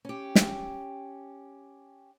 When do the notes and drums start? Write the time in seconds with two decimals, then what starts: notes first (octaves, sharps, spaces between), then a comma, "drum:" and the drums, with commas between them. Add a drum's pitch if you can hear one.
0.05 C#4 G4
0.35 drum: snare